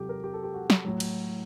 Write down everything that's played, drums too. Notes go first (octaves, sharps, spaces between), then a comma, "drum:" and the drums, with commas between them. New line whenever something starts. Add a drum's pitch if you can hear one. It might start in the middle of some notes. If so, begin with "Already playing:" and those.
Already playing: C3 F#3 G4 A4
A#4
G4
A4
G4
F#4
drum: snare
A2 F#3
drum: cymbal